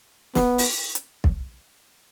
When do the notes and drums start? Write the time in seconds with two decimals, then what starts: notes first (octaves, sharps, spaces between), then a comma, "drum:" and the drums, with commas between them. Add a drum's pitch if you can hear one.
0.35 B3, drum: snare
0.58 drum: open hi-hat
0.95 drum: hi-hat
1.24 drum: kick